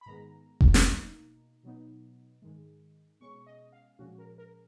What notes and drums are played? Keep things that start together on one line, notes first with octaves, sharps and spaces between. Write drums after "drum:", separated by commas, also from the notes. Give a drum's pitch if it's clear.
B5
G#2 D#3 G#3 B3 A#5
drum: kick F1
drum: snare
B2 A#3 D#4
B2 F#3 B3 D#4
G#2 D#3 G#3
B2 G#3 C#4 C#6
D#5
F5
A#2 F3 G#3 C#4 F#4
A#4
A#4